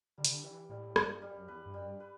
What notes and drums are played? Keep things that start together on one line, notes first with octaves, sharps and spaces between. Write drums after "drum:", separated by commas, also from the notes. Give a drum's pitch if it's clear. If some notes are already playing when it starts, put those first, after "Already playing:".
D3 G3
C3, drum: hi-hat
D3
E3 G3
A2 G3
G2 G3, drum: rim click
F#2 G3
F#2
E2 B4
G2
F#2 G3
G2
B4